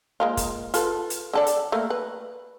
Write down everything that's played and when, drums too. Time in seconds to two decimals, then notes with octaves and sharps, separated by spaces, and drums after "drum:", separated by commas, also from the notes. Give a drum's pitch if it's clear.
0.20 G#3 A#3 F4
0.37 drum: kick, hi-hat
0.74 F4 A4 B4, drum: hi-hat
1.10 drum: hi-hat
1.33 D3 A4 D5
1.46 drum: hi-hat
1.72 A3 A#3
1.90 B4